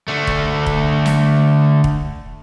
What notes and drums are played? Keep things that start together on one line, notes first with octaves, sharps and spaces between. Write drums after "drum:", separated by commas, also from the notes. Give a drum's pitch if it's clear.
D3 A3
drum: kick
drum: kick
drum: snare
drum: kick